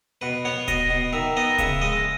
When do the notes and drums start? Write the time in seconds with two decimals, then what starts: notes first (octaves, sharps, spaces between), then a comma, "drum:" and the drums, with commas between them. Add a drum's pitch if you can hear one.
0.21 B2 B4
0.45 B3 C#5
0.68 B2 D#5, drum: kick D1, hi-hat
0.90 B2
1.13 D#3 E5
1.37 B3 D#5
1.58 C#3 E5, drum: kick D1, hi-hat
1.82 G#3 D#5